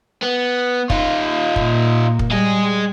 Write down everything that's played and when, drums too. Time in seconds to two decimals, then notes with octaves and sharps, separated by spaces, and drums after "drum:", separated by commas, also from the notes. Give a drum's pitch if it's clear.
0.23 B3
0.90 D#4 F4, drum: kick
1.56 A#2 A#3, drum: kick
2.19 drum: kick
2.31 G3 G#3 G#4